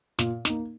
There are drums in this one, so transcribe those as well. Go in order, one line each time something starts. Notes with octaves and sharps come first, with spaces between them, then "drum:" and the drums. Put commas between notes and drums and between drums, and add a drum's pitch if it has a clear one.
A#2, drum: snare
A#3 D#4, drum: snare